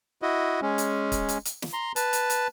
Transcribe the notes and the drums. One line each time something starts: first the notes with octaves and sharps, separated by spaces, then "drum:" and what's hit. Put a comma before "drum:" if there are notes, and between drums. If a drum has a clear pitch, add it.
E4 F#4 D#5
G#3 C#4
drum: hi-hat
drum: kick, hi-hat
drum: hi-hat
drum: hi-hat
drum: snare
A#5 C6
B4 A5, drum: hi-hat
drum: hi-hat
drum: hi-hat